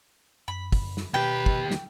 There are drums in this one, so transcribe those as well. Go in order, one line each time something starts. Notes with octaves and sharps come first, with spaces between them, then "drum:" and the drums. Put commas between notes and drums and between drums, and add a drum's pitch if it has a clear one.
F#2 B5
drum: kick, open hi-hat
drum: snare
D#2 B2 G4 B4 G5
drum: kick
drum: snare